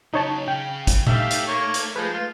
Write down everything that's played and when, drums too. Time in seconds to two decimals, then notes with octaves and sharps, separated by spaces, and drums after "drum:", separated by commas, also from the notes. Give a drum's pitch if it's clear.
0.14 C#3 F#3 D#4 C#5 A5
0.48 C#3 C#4 G5
0.87 drum: kick, hi-hat
1.07 A3 D#4 G4 E5 F5, drum: tom A#2
1.31 drum: hi-hat
1.47 A#3 C#5
1.74 drum: hi-hat
1.96 F3 G#3 D#4 B4
2.14 F4